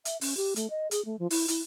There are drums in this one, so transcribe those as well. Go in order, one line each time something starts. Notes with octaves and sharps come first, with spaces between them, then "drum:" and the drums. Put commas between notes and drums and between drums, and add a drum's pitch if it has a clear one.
E5, drum: hi-hat
C#4, drum: open hi-hat
G4
A3, drum: hi-hat
D#5
G#4, drum: hi-hat
A3
F3
E4, drum: open hi-hat
E4, drum: hi-hat